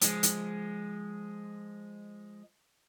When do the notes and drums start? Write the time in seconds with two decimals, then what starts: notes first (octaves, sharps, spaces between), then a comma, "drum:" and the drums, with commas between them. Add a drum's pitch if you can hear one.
0.01 F3 G#3, drum: hi-hat
0.23 drum: hi-hat